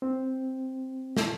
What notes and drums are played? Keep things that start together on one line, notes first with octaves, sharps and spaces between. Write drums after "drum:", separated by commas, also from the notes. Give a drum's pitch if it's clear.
C4
drum: snare